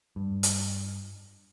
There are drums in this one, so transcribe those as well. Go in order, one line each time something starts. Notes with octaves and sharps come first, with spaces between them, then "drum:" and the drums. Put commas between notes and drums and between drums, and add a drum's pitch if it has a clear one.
G2
drum: hi-hat